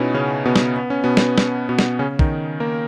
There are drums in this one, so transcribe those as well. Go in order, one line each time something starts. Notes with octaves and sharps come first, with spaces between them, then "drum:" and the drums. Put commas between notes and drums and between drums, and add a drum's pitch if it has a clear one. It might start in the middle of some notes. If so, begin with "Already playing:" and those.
Already playing: B2 B3 C#4 D#4 E4
C#3 C#4
B2 B3
drum: snare
B3
C#4
B2 B3
drum: snare
drum: snare
B2 B3
drum: snare
C#3 C#4
D#3 D#4, drum: kick
A#3 A#4